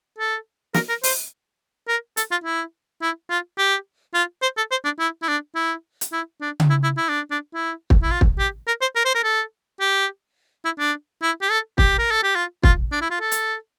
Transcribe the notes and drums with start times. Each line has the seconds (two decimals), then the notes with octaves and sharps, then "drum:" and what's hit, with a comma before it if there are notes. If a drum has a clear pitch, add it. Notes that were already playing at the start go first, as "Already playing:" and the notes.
0.19 A4
0.74 A#4, drum: snare
0.89 A#4
1.03 C5, drum: open hi-hat
1.88 A#4
2.17 A4, drum: hi-hat
2.31 F4
2.44 E4
3.02 E4
3.30 F4
3.58 G4
4.14 F4
4.42 C5
4.57 A4
4.71 C5
4.85 D4
4.99 E4
5.22 E4
5.28 D4
5.55 E4
6.01 drum: hi-hat
6.12 E4
6.41 D4
6.60 drum: tom C#3
6.70 E4
6.83 E4
6.97 E4
7.09 D4
7.31 D4
7.54 E4
7.90 drum: kick
8.02 E4
8.11 F4
8.21 drum: kick
8.39 G4
8.67 A#4
8.82 C5
8.96 A#4
9.05 C5
9.15 A#4
9.24 A4
9.80 G4
10.65 E4
10.79 D4
11.22 E4
11.42 G4
11.50 A4
11.78 G4, drum: kick
11.98 A#4
12.11 A4
12.23 G4
12.36 F4
12.63 F4, drum: kick
12.92 D4
13.02 E4
13.11 F4
13.21 A4
13.32 drum: hi-hat